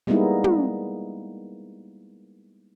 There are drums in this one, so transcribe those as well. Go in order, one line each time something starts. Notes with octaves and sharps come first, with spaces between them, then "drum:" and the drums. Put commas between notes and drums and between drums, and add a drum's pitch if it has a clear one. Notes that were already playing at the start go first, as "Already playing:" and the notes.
G3 G#3 A#3 B3 D#4 E4
drum: tom